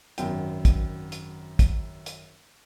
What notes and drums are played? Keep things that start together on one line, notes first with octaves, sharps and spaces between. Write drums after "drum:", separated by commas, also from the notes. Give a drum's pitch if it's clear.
G#1 F#2 G5, drum: hi-hat
drum: kick, hi-hat
drum: hi-hat
drum: kick, hi-hat
drum: hi-hat